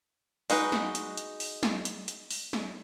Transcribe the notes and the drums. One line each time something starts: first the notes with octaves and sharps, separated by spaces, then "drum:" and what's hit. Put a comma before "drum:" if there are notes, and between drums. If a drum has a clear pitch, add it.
G#3 D#4 F#4 B4, drum: open hi-hat
drum: snare
drum: hi-hat
drum: hi-hat
drum: open hi-hat
drum: snare
drum: hi-hat
drum: hi-hat
drum: open hi-hat
drum: snare